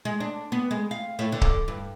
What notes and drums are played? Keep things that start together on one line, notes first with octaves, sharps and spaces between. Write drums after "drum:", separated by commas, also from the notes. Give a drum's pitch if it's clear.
G#3
D4
B3
G#3
F5
A2
D3
drum: kick C#1
G2